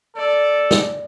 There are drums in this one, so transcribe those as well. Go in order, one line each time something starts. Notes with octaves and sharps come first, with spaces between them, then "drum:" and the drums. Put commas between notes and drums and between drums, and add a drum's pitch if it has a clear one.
A4 D5
drum: snare